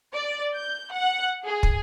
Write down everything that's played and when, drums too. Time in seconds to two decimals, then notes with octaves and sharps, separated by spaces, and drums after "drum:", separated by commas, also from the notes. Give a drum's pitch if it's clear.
0.15 D5
0.55 G6
0.93 F#5
1.45 G#4
1.63 drum: kick